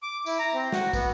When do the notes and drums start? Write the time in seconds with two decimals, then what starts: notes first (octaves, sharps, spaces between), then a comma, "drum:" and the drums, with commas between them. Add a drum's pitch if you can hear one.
0.03 D6
0.26 E4, drum: tambourine
0.39 A#5
0.54 C4
0.72 F#4, drum: snare
0.93 B3, drum: kick, tambourine